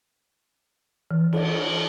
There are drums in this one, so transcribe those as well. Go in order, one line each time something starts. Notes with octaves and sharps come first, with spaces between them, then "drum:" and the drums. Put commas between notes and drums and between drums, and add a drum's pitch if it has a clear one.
E3
drum: cymbal